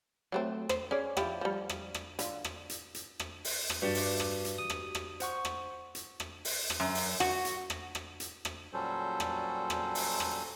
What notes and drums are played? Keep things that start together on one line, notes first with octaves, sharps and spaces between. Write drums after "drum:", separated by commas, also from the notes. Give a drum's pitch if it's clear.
F#3 A3 C4
C5, drum: rim click
C#4 G#4 D5
F3 E4 G4, drum: rim click
F3 G3
drum: rim click
drum: rim click
D3 F4, drum: hi-hat
drum: rim click
drum: hi-hat
drum: hi-hat
drum: rim click
drum: open hi-hat
drum: rim click
G2 F#4 G4 D5
drum: open hi-hat
drum: rim click
drum: hi-hat
D#6
drum: rim click
drum: rim click
C5 F#5 C#6, drum: hi-hat
drum: rim click
drum: hi-hat
drum: rim click
drum: open hi-hat
drum: rim click
F#2
drum: open hi-hat
F#4, drum: rim click
drum: hi-hat
drum: rim click
drum: rim click
drum: hi-hat
drum: rim click
A#2 F#3 G3 C#4 A4 C5
drum: rim click
drum: rim click
drum: open hi-hat
drum: rim click